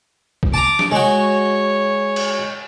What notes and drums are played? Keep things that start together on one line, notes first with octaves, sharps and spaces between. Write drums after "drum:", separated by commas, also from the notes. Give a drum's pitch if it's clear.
drum: kick
A5 A#5 D6
drum: snare
G#3 F#4 C#5
drum: cymbal